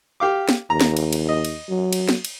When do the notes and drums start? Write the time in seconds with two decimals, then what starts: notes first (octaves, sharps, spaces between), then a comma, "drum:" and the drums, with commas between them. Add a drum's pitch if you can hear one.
0.20 G4 F5 D6
0.49 drum: snare
0.70 D#2 A#5
0.81 drum: snare
0.97 drum: cymbal
1.13 drum: cymbal
1.29 D#5
1.45 drum: cymbal
1.69 F#3
1.93 drum: cymbal
2.09 drum: snare
2.25 drum: cymbal